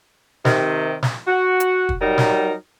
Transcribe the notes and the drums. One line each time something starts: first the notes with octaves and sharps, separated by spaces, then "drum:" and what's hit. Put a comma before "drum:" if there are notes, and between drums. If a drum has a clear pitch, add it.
C3 D#3, drum: snare
drum: snare
F#4
drum: hi-hat
drum: kick
F#3 G3 D#4 A#4
drum: snare